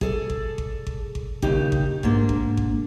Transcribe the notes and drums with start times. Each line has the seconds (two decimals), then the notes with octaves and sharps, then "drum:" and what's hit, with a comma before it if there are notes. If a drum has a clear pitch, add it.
0.01 G#4 A4 D5, drum: kick G#1
0.30 drum: kick G#1
0.58 drum: kick G#1
0.87 drum: kick G#1
1.15 drum: kick G#1
1.42 D#2 C#3 D#4 G4, drum: kick G#1
1.72 drum: kick G#1
2.03 G#2 A#3 D4, drum: kick G#1
2.29 drum: kick G#1
2.57 drum: kick G#1